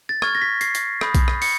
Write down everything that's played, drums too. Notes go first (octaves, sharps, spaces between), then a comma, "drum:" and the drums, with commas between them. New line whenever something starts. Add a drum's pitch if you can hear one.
A6
C#6 F6 G#6, drum: rim click
A#6
B6
C7, drum: hi-hat
drum: hi-hat
B5 D#6 G6, drum: rim click
drum: kick B1, hi-hat
drum: rim click
C#7, drum: open hi-hat